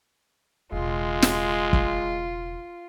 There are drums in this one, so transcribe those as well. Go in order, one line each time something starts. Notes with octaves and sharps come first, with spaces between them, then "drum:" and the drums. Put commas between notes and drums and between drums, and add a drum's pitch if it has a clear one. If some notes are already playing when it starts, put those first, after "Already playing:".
E1 C#3 G#3 F4
drum: snare
drum: kick